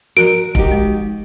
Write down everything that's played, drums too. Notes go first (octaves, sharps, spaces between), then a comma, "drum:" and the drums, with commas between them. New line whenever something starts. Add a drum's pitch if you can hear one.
F3 F#4 A#4 D7
D#4 F#4 G4, drum: kick F1
G#3